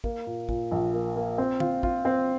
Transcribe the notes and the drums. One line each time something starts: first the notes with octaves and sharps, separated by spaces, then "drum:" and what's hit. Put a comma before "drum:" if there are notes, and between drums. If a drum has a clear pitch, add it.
A#3, drum: kick
A#2
A#2, drum: kick
A#1
A#3
A#3
C4
F4, drum: tom
F4, drum: kick
C4